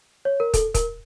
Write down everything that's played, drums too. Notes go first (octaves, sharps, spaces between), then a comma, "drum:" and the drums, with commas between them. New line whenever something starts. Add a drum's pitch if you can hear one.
C#5
A#4
A4, drum: kick, hi-hat
A#4, drum: kick, hi-hat